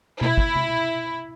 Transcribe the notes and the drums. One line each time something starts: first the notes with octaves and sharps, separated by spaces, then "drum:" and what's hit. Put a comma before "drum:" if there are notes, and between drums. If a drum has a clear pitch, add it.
E4, drum: tom B2
drum: kick
drum: tom C3